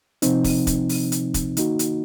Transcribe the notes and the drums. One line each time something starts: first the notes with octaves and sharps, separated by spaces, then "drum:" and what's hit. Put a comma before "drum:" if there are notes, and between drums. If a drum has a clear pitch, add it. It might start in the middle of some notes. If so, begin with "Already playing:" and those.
C3 F3 C4 D#4, drum: hi-hat
drum: kick, open hi-hat
drum: kick, hi-hat
drum: open hi-hat
drum: hi-hat
drum: kick, hi-hat
D#3 A#3 D#4 F#4, drum: hi-hat
drum: hi-hat